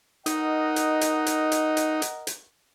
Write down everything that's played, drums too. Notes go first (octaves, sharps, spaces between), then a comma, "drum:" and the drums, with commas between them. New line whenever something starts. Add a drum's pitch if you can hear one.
D#4 A#4 D#5 F#5, drum: hi-hat
drum: hi-hat
drum: hi-hat
drum: hi-hat
drum: hi-hat
drum: hi-hat
drum: hi-hat
drum: hi-hat